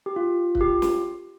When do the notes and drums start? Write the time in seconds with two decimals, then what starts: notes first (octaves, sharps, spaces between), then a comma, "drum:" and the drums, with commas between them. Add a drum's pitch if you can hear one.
0.06 G4
0.16 F4
0.55 F4, drum: kick C#1
0.61 G4
0.82 drum: snare